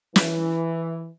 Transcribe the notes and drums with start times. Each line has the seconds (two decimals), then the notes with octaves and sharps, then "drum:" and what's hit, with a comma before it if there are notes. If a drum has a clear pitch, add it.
0.16 E3, drum: snare